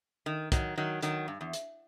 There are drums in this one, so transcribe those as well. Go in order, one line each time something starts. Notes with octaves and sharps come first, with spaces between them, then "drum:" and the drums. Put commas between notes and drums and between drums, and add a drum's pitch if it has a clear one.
D#3
D#3 F#3, drum: kick, hi-hat
D#3 F#3
D#3 F#3, drum: hi-hat
G2
E2
drum: hi-hat